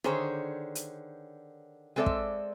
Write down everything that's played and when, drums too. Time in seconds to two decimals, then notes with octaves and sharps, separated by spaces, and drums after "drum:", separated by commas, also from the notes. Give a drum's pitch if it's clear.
0.04 D3 D#3 G#4 C5 C#5, drum: rim click
0.75 drum: hi-hat
1.96 G#3 C4 A4 C#5 D5 E5
2.06 drum: kick